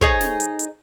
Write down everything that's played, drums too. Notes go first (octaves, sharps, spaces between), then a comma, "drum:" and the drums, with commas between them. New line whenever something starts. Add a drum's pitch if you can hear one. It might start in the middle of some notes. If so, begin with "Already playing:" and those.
D#4 G#4 C#5, drum: kick
drum: snare
drum: hi-hat
drum: hi-hat